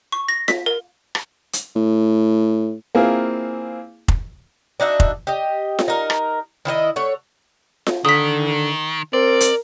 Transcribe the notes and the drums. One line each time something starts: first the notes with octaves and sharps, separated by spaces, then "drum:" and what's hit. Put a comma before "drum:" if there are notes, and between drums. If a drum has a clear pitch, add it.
C#6
A#6
B6, drum: snare F4
A#4
drum: rim click
drum: hi-hat
A2
A#3 C4 E4 F4 G#4
drum: kick
D4 D#4 F#4 E5
drum: kick
G4 D#5
drum: snare F4
D#4 A#4
drum: rim click
D#3 E4 G4 D#5
A3 C#5 F#5
drum: snare F4
D3 D#3 D#6 B6
C4 A#4 D5
drum: hi-hat